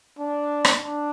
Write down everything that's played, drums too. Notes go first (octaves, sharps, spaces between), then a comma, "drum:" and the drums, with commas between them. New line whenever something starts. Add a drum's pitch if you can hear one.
D4
drum: rim click
D4